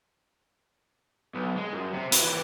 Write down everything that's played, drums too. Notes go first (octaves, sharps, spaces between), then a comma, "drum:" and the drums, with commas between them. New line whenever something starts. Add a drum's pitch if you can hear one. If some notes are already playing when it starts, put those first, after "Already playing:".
B1
G#3
F#2
C3
E4 F#4, drum: hi-hat
E3 G4